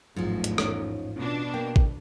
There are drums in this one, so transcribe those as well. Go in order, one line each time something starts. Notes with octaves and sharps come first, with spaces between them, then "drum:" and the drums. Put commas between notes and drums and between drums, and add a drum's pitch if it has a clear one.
A1 E2 G#2 F3 F#3
drum: hi-hat
C#4 D#4 C#5, drum: rim click
B2 C#4 D4 F4
A#3 G5
drum: kick